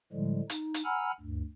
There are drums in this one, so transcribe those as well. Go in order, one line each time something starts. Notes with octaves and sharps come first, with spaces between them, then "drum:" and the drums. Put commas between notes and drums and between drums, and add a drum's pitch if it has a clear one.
A2 D3 F3 G3 G#3
D#4, drum: hi-hat
drum: hi-hat
F#5 G#5 A#5 B5 E6 F6
D2 G2